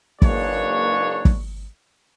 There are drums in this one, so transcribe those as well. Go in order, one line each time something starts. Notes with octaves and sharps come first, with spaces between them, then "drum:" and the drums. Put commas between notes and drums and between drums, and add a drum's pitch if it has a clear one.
F#1 G#2 A#3 D4 B4 C#5, drum: kick
drum: kick